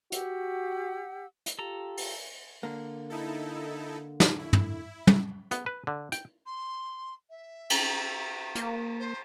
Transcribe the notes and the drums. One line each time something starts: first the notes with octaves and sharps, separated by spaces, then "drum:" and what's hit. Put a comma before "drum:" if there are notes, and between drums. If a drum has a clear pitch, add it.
F#4 G4 F#5 E6, drum: hi-hat
drum: hi-hat
F4 G4 A4 A#5
drum: open hi-hat
D3 A#3
D#4 E4 A4
drum: snare
E4
drum: tom
drum: tom
B3, drum: hi-hat
B4
D3
G5, drum: hi-hat
C6
E5
drum: cymbal
A#3, drum: hi-hat
C5